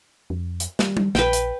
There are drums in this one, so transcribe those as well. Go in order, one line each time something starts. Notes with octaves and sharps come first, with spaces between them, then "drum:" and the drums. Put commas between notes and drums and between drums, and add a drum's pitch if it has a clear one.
F2
drum: hi-hat
G3, drum: snare
drum: tom G3
A#1 B4 G5, drum: snare
drum: hi-hat